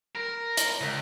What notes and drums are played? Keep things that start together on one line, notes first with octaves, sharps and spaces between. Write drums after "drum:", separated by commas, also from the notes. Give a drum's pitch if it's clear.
A#4
drum: hi-hat
C#2